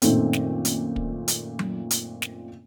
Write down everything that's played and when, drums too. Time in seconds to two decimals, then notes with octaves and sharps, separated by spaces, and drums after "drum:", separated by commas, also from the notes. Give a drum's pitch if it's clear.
0.02 F#2 A#2 D#3 A3 C4, drum: hi-hat
0.33 drum: snare
0.65 drum: hi-hat
0.96 drum: kick
1.28 drum: hi-hat
1.59 drum: tom F#3
1.91 drum: hi-hat
2.22 drum: snare